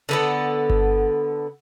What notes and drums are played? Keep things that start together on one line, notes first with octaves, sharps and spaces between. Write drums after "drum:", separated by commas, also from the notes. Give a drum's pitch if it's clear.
D3 B3 A4
drum: kick G1